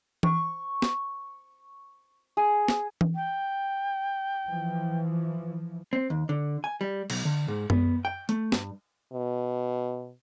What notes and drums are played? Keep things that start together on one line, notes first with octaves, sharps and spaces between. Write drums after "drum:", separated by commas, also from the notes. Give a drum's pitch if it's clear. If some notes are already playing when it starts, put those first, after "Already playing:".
C#6, drum: tom E3
drum: snare
G#4
drum: snare
drum: tom E3
G5
E3 F3
C4
D#2
D3
G#5
G3
B1, drum: cymbal
D3
G#2
B3, drum: tom F#2
G5
A3, drum: hi-hat
G2, drum: snare
B2